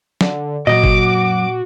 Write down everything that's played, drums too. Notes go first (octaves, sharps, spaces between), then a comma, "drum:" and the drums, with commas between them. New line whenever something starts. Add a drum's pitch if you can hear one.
D3, drum: snare
F#2 A#2 D#3 F#4 D#5 D6
drum: kick F#1